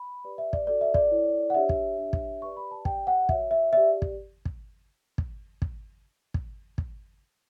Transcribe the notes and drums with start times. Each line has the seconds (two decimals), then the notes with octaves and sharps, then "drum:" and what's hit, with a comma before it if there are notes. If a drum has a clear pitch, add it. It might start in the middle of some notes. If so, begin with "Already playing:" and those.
Already playing: B5
0.24 G4 B4 D5
0.38 E5
0.53 D5, drum: kick
0.67 F#4 A4 D5
0.81 E5
0.94 D5, drum: kick
1.11 E4 A4 C#5
1.50 F#5
1.54 D4 G4 C#5 E5
1.69 drum: kick
1.98 D4 G4 C#5
2.13 drum: kick
2.42 G4 B4 D5 C#6
2.57 B5
2.71 A5
2.85 G4 D5 G5, drum: kick
3.07 F#5
3.29 F#4 C#5 E5, drum: kick
3.51 E5
3.73 G4 D5 E5
4.02 drum: kick
4.45 drum: kick
5.18 drum: kick
5.62 drum: kick
6.34 drum: kick
6.78 drum: kick